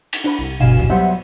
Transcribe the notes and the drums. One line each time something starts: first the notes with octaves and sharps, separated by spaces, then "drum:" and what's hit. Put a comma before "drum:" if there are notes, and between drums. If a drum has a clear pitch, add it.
drum: cymbal
D4 C5 B5
C2
G1 G2 B2 F5 G#5 E7
drum: kick C2
F#3 G3 B3 C5 E5 F#5